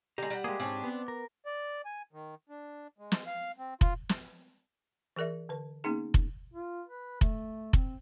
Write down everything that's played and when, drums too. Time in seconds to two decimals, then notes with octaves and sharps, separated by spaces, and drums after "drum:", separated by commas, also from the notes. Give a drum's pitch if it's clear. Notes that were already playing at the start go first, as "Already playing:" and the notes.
0.18 D3 G#3 G4 A#5
0.30 G3 F#5
0.44 G#3 A#3 G4 G#4 D6
0.60 G#2 C4 D4 C#5
0.84 B3
1.08 A#4
1.46 D5
1.85 G#5
2.13 D#3
2.49 D4
2.98 G#3
3.12 drum: snare
3.27 F5
3.58 C4
3.81 F4, drum: kick F1
4.09 drum: snare
5.16 E3 G#4 A#4 D5 E5
5.49 D3 B4
5.84 A#3 B3 C#4 D#4 G#4
6.14 drum: kick F1
6.53 F4
6.88 B4
7.21 A3, drum: kick F1
7.73 C4, drum: kick F1